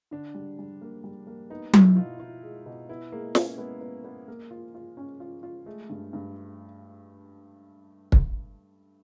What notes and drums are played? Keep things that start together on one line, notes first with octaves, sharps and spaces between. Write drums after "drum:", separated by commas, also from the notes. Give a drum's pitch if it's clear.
D3 D4
G3
G3
A#3
G3
A#3
B3 D#4
B2 E4, drum: tom F#3
B2 F4
B2 F4
G#3
B2
B3 E4
G#3 A#3
B3 C#4, drum: snare
G#3 B3
B3
B3
A#3
F4
F4
C#4
F4
F4
G#3 A3
G2
G2
drum: kick